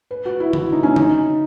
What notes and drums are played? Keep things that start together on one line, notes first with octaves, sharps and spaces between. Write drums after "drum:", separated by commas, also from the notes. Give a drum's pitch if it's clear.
B4
F#4
E4
E4, drum: tom C#3
D#4
C#4
D#4, drum: tom C#3